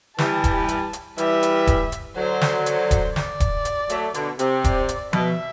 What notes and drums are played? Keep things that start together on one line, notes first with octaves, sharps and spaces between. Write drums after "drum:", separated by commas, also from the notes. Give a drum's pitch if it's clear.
E3 G3 A5, drum: snare
drum: kick D#1, hi-hat
drum: hi-hat
drum: hi-hat
E3 G3 E5, drum: hi-hat
drum: hi-hat
drum: kick D#1, hi-hat
drum: hi-hat
D3 F#3 C5
drum: snare
C5, drum: hi-hat
drum: kick D#1, hi-hat
D5, drum: snare
drum: kick D#1, hi-hat
drum: hi-hat
F#3 A3, drum: hi-hat
B2 D3, drum: hi-hat
C3, drum: hi-hat
D5, drum: kick D#1, hi-hat
drum: hi-hat
B2 E5, drum: tom F3